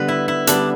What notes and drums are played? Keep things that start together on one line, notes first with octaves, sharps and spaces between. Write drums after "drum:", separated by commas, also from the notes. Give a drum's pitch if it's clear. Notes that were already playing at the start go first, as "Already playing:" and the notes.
Already playing: D3 G3 B3 B4
E4
E4
D3 G3 B3 D4, drum: hi-hat